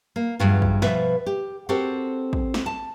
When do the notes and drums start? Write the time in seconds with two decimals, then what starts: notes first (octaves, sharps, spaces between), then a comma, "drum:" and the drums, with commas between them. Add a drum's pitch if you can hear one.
0.16 A#3
0.39 E2 G2 F#3 F4
0.62 drum: kick
0.82 B2 F3 B4 E5, drum: snare
1.26 G4
1.69 C4 F#4 G4 A4 A#4 C5
2.33 drum: kick
2.54 drum: snare
2.66 A5